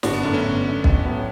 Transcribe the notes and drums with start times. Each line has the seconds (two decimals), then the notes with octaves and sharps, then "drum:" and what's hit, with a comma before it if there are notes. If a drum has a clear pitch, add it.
0.03 G1 D4 F#4, drum: snare
0.13 B3 D4
0.23 F#2 D3 B3 D4
0.33 A3 C#4
0.44 G1
0.64 F#2 D3
0.84 A1, drum: kick
1.05 A2 F#3 B3